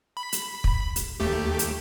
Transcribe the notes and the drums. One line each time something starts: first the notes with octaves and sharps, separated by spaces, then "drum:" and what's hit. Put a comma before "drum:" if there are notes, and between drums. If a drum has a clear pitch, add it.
B5
drum: hi-hat
drum: kick
drum: hi-hat
D#2 A3 G4
drum: hi-hat